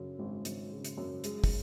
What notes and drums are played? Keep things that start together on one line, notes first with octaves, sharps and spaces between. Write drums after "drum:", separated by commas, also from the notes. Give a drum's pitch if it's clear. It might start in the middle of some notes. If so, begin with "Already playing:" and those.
Already playing: F#2 C#3
G#1
G#1, drum: hi-hat
C#3
drum: hi-hat
F#2
G#3, drum: hi-hat
drum: kick, open hi-hat